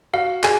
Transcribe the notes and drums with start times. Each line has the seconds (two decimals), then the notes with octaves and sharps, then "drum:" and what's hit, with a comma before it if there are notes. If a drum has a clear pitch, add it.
0.13 F#4 F5
0.44 G#4 G#5, drum: clap